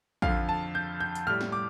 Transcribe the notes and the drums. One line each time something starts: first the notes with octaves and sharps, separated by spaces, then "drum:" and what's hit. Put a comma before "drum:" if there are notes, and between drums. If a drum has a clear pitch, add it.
F2 D3 F3 F5, drum: kick
A5
G6
G6
drum: hi-hat
A2 G3 F6
drum: snare
D6